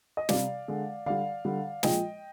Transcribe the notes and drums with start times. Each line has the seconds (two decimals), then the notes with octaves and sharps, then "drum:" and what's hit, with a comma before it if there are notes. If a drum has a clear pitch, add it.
0.17 D#5
0.29 C3 G3 D5 F5, drum: snare
0.68 D3 G#3
1.06 D3 G3 D5 F5
1.45 D3 G3
1.83 A#2 F3 G#3 D#5 G5, drum: snare